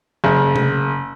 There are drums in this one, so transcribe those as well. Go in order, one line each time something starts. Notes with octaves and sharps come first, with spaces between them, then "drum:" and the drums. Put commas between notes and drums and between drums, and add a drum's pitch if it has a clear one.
F#1
drum: tom C3